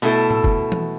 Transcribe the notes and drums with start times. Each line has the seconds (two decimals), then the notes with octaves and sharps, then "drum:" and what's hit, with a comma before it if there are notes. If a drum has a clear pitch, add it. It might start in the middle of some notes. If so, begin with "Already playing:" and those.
0.02 B2 A3 E4 A4
0.31 drum: tom A2
0.44 drum: kick
0.72 drum: tom E3